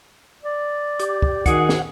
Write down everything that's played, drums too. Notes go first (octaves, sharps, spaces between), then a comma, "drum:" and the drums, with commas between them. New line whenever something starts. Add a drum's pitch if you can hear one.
D5
G4, drum: hi-hat
drum: kick
D#3 F#4 G#4 F#5, drum: kick, hi-hat
drum: snare